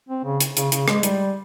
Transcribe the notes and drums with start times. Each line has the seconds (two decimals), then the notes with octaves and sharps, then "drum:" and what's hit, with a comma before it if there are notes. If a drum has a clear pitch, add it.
0.09 C4
0.25 C#3
0.41 drum: hi-hat
0.57 C#3, drum: hi-hat
0.72 C#3, drum: hi-hat
0.88 G#3, drum: rim click
1.03 G3, drum: hi-hat